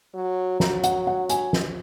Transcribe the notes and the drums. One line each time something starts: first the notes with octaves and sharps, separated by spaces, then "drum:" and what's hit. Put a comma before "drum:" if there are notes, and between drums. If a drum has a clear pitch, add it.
F#3
F#3 A#5, drum: snare
F#5, drum: hi-hat
F#5
G#5, drum: hi-hat
drum: snare